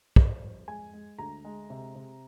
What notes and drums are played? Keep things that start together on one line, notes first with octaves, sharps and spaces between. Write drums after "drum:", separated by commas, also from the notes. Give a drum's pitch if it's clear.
G3, drum: kick
F2
G#3 G#5
G#3
D2 A#5
G#3
C3
C3